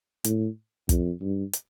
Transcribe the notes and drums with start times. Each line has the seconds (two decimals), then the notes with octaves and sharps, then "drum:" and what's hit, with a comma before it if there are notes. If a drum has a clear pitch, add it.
0.24 A2, drum: hi-hat
0.89 F2, drum: kick, hi-hat
1.21 G2
1.53 drum: hi-hat